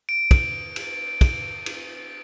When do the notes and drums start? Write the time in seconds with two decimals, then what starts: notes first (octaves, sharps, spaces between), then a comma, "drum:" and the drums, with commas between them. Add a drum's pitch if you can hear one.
0.09 D7
0.31 drum: kick, cymbal
0.76 drum: cymbal
1.21 drum: kick, cymbal
1.66 drum: cymbal